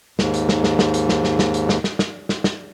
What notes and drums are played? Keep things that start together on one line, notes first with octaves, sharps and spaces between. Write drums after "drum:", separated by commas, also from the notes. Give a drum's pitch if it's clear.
D#2 G#2, drum: snare
drum: hi-hat
drum: snare
drum: snare
drum: snare
drum: hi-hat
drum: snare
drum: snare
drum: snare
drum: hi-hat
drum: snare
drum: snare
drum: snare
drum: snare
drum: snare